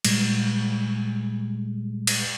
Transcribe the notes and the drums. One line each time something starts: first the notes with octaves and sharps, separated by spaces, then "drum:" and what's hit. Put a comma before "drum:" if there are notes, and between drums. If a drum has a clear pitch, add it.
A#2 G3 G#3, drum: cymbal
drum: cymbal